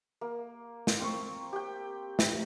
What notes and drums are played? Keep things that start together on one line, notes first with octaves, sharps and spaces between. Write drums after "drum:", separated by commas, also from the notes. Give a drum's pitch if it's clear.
A#3
drum: snare
C4 F5 C#6
G4 G5
drum: snare